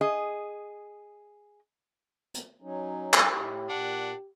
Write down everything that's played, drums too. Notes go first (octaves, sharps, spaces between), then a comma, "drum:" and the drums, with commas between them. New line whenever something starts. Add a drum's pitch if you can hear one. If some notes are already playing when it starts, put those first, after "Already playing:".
G#4 D#5
drum: hi-hat
F#3 C#4 D#4
drum: clap
A2 E4 G4
A#2 D4 F#5